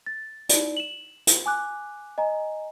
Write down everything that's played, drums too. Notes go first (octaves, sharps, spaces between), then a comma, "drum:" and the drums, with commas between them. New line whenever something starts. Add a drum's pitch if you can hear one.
A6
D#4 E4 D5, drum: hi-hat
E7 F#7
drum: hi-hat
G#5 D6 F#6
D#5 G#5 A#5